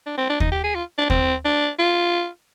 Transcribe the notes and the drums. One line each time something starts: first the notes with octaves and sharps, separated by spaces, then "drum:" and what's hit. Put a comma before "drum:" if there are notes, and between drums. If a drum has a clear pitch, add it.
D4
C4
D4
D#4, drum: kick
G4
G#4
F4
D4
C4, drum: kick
D4
F4